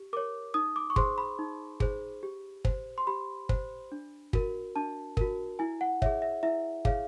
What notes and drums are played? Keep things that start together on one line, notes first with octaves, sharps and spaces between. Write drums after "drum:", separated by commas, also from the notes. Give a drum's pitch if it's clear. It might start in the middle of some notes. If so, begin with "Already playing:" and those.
Already playing: G4
A#4 C#5 D6
D#4 D#6
D6
C#6
G#4 C5 C6, drum: kick
B5
D#4
G#4 C5, drum: kick
G4
C5, drum: kick
C6
G4 B5
C5, drum: kick
D4
F#4 A#4, drum: kick
D4 A5
F#4 A#4, drum: kick
E4 G#5
F#5
G#4 C#5 E5, drum: kick
E5
E4 E5
G#4 C#5 F5, drum: kick